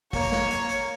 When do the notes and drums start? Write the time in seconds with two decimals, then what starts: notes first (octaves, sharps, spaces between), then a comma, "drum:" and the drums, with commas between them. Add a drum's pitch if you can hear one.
0.13 A#3 C#5, drum: kick, open hi-hat
0.32 drum: snare
0.50 drum: hi-hat
0.69 drum: hi-hat